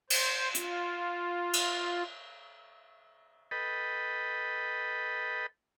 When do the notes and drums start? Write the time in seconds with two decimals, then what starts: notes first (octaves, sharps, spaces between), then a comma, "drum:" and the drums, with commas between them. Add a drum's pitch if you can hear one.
0.10 C5, drum: cymbal
0.55 F4, drum: hi-hat
1.53 drum: cymbal
3.51 A4 B4 D#5 G5 B5